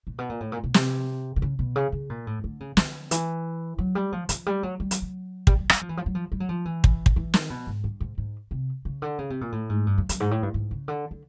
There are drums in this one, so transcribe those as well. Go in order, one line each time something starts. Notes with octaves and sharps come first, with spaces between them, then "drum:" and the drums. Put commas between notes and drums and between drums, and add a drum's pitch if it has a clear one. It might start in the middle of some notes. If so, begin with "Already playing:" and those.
A#2
B2
A#2
A2
A#2
B2
C3, drum: snare
D3
C#3
B2
C#3
C#3
A#2
A2
D3
C#3
D3, drum: snare
E3, drum: hi-hat
F#3
G3
F3
F3, drum: hi-hat
G3
F#3
G3
F#3, drum: hi-hat
F#3
G3, drum: kick
G3
G3, drum: rim click
F3
E3
F3
F#3
F3
G3
F#3
F3
E3
drum: kick
drum: kick
E3
D#3, drum: snare
B2
G#2
G2
G#2
G#2
C3
C#3
D3
C#3
C3
A#2
A2
G#2
G2
F#2
F#2, drum: hi-hat
G#2
A2
G2
G#2
C#3
D3
D3